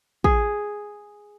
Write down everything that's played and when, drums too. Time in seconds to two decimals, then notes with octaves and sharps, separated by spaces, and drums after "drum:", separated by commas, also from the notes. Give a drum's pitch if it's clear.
0.24 G#4, drum: kick